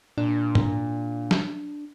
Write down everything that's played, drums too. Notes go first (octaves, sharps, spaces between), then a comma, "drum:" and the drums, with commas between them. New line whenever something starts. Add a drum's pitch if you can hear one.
A#2 D4
drum: tom
drum: snare